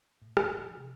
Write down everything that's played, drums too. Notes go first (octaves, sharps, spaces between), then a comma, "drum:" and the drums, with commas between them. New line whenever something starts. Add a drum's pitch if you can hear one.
A2
F2, drum: rim click
D1
F3
C3